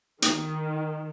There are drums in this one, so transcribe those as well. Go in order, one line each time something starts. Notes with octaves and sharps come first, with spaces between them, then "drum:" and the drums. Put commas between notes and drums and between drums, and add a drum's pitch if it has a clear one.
D#3, drum: hi-hat